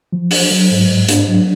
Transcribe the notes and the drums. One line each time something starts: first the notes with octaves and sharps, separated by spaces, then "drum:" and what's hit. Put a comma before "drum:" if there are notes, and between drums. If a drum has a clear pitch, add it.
F3
D4, drum: open hi-hat
F#3
G#2
G#2
D4, drum: hi-hat
F#3